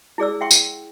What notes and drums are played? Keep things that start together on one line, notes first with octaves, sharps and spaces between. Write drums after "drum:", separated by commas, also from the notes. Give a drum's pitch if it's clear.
E4 G#4 D5 E6
E5 F#5 G5 C6 C#6
drum: tambourine